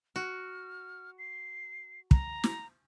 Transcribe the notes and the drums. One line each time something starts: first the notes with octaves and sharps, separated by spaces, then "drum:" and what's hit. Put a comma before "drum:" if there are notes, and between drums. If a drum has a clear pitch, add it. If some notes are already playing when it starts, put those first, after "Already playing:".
F#4 F6
C7
A#5, drum: kick
drum: snare